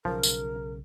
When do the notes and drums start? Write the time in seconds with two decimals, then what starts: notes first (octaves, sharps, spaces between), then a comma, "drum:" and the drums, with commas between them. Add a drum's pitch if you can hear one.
0.05 B1 C#3 F3 A#4
0.23 drum: tambourine